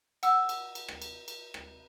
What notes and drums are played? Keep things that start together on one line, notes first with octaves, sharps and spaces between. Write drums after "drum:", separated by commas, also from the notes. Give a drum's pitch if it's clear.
F#5 E6, drum: cymbal
drum: cymbal
drum: cymbal
drum: rim click
drum: cymbal
drum: cymbal
drum: rim click